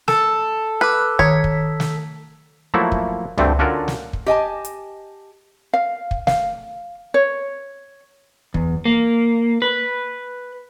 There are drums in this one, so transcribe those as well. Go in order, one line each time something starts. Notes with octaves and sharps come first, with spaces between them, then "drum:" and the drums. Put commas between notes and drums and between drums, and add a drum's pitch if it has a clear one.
A4, drum: snare
B4 D6 F6
D#3 C#5 B6, drum: kick
drum: kick
drum: snare
F3 F#3 A3 A#3 E4 F#4
drum: kick
D2 G2 D3 A3 C4, drum: tom C#2
D3 C#4 F4 F#4 A4 A#4
drum: snare
drum: kick
G4 D#5 G#5 A5
drum: hi-hat
F5
drum: kick
F5, drum: snare
C#5
E2, drum: kick
A#3
B4